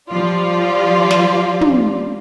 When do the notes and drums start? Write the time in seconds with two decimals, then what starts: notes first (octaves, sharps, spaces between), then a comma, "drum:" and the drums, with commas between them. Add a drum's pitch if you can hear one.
0.11 F3 G3 F4 D5
1.11 drum: snare
1.61 drum: tom